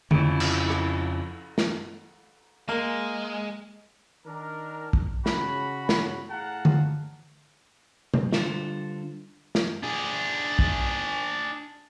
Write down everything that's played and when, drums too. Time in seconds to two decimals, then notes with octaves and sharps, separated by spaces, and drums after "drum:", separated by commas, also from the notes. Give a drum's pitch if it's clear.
0.11 F2 C#3 E4, drum: tom D3
0.40 drum: cymbal
0.70 drum: rim click
1.58 drum: snare
2.69 G#3 A#3
4.26 D#3 D4 A#4
4.93 drum: kick
5.26 C#3 F#4 B5, drum: snare
5.89 drum: snare
6.30 A2 G#4 F5 F#5 A5 A#5
6.65 drum: tom D3
8.14 drum: tom B2
8.32 D3 G3 D4 F4 A4 C5, drum: snare
9.55 drum: snare
9.83 D4 G#4
10.59 drum: kick